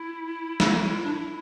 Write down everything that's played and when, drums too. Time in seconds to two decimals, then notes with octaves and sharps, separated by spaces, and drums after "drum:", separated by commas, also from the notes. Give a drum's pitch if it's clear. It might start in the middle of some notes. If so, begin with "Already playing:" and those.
Already playing: E4
0.60 drum: snare
1.03 D4
1.12 E4